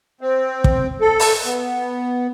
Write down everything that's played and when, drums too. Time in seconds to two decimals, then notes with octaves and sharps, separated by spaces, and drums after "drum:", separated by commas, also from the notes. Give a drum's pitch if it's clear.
0.21 C4
0.64 drum: kick
1.01 A4
1.20 drum: open hi-hat
1.45 B3